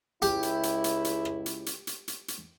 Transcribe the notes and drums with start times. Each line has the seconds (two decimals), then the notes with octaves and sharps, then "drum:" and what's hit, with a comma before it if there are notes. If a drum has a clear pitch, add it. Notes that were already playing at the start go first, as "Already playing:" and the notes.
0.22 C#2 E4 G4, drum: hi-hat
0.43 drum: hi-hat
0.63 drum: hi-hat
0.84 drum: hi-hat
1.05 drum: hi-hat
1.25 drum: rim click
1.46 drum: hi-hat
1.66 drum: hi-hat
1.87 drum: hi-hat
2.08 drum: hi-hat
2.28 drum: hi-hat